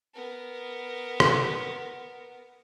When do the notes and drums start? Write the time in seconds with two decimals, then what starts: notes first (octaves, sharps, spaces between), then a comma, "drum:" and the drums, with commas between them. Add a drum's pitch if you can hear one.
0.14 B3 A#4
1.20 drum: rim click